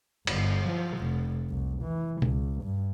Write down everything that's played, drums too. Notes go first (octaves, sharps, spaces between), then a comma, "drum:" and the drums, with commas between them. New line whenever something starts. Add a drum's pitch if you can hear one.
G1, drum: cymbal
F3
F1
C2
E3
C#2, drum: tom B2
G2